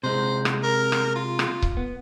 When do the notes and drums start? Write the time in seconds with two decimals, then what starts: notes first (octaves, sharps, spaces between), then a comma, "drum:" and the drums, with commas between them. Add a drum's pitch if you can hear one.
0.03 C3 G#3 C5
0.45 drum: rim click
0.64 A#4
0.92 drum: rim click
1.16 F4
1.39 drum: rim click
1.62 drum: kick C#1
1.77 B3